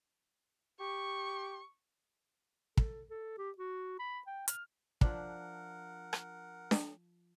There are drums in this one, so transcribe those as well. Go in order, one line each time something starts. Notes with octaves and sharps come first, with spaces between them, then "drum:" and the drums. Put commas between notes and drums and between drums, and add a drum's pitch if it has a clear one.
G4 C#6
A4, drum: kick
A4
G4
F#4
B5
G5
F6, drum: hi-hat
F3 D4 A#4 F#5, drum: kick
drum: rim click
drum: snare D4